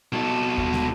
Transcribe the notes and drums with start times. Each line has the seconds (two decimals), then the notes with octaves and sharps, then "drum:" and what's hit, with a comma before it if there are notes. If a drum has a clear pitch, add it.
0.12 B2 A4
0.58 drum: kick D#2
0.73 drum: snare